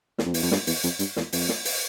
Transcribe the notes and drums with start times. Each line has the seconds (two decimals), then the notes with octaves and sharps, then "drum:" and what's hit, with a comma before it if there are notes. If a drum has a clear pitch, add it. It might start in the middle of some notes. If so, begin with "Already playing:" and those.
0.18 E2, drum: snare
0.26 F2
0.34 E2, drum: open hi-hat
0.43 F2
0.51 G2, drum: snare
0.67 E2, drum: open hi-hat
0.83 F2, drum: hi-hat
0.99 G2, drum: hi-hat
1.16 E2, drum: snare
1.32 F2, drum: open hi-hat
1.49 drum: snare
1.65 drum: open hi-hat